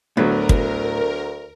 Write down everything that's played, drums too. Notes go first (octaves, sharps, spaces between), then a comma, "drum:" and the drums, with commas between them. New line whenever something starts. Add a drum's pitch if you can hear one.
D2 A2 D3 F#3 B3 A#4
drum: kick